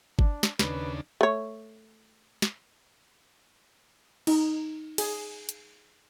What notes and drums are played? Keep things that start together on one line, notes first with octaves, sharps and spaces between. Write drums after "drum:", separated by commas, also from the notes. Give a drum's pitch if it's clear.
D4, drum: kick G1
drum: snare
D#2 C#3 D4 B4, drum: snare
A3 C#5
drum: snare
D#4, drum: cymbal
G#4, drum: cymbal
drum: hi-hat